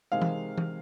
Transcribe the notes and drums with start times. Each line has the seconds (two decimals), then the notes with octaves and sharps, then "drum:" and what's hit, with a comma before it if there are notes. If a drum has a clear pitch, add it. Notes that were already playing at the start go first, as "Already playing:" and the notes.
0.12 C3 D#3 G#3 F5
0.22 drum: tom E3
0.58 drum: tom E3